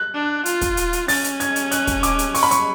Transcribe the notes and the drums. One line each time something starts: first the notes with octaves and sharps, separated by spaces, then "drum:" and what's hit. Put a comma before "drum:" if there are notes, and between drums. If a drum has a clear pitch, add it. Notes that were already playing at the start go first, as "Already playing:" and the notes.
Already playing: F#6
D4
F4, drum: hi-hat
drum: kick, hi-hat
drum: hi-hat
drum: hi-hat
C#4 A6, drum: open hi-hat
drum: hi-hat
G#6, drum: hi-hat
drum: hi-hat
F#6, drum: hi-hat
drum: kick, hi-hat
D6, drum: hi-hat
drum: hi-hat
C#6, drum: open hi-hat
B5
C#6, drum: hi-hat